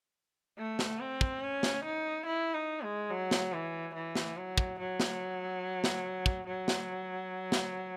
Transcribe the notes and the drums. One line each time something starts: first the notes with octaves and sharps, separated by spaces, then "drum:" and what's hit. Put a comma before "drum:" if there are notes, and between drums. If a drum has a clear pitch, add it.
A3
drum: snare
C4
drum: kick
C#4
drum: snare
D#4
E4
D#4
G#3
F#3
drum: snare
E3
E3
drum: snare
F#3
drum: kick
F#3
drum: snare
drum: snare
drum: kick
F#3
drum: snare
drum: snare